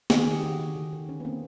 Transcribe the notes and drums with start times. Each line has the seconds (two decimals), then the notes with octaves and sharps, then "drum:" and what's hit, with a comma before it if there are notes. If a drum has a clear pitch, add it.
0.10 D#3 G#4, drum: snare
0.21 G#4
0.26 D#3
0.32 G4
0.43 D#3 F#4
0.59 D#3
0.76 D3
0.93 D3
1.09 D3 C#4
1.20 B3
1.25 A#3 C4